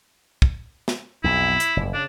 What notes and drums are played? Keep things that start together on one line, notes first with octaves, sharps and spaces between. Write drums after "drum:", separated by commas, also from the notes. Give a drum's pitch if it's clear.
drum: kick
drum: snare
B1 F2 E4
drum: hi-hat
F#1 G2
C#3 D4